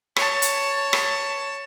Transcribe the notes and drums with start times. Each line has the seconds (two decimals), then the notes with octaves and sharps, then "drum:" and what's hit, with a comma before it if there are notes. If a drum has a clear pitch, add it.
0.16 C#5 A5, drum: rim click
0.42 drum: hi-hat
0.93 drum: rim click